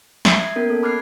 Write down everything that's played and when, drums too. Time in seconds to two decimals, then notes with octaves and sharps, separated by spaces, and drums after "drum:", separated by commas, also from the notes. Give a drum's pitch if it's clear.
0.25 E5 D#6 C7, drum: snare
0.38 G#6
0.56 A#3 B3 C#4 A#4
0.70 A4
0.83 B5 D6 F6 F#6 G#6 C7